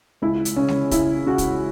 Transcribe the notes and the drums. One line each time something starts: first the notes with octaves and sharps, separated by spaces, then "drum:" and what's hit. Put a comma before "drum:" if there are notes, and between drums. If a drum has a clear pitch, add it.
C#2 E4
drum: hi-hat
C#3 C#4
drum: snare G#3
C#3 E4, drum: kick, hi-hat
C#3 F#4
drum: kick, hi-hat